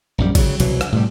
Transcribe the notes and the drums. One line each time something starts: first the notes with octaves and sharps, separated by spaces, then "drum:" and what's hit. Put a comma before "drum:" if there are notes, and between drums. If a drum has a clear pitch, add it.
A#1 F#2 G3
C#3 F#3, drum: kick G#1, cymbal
C2 B2 E3 F#3, drum: cymbal
drum: rim click
A2 C3 G3